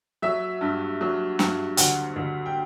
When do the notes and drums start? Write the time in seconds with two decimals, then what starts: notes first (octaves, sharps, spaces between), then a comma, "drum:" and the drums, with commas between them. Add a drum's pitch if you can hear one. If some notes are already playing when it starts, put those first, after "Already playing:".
0.22 F#3 E5
0.61 G2
1.01 F#3
1.39 G2, drum: snare
1.77 D2 F#5, drum: hi-hat
2.16 D2
2.46 G5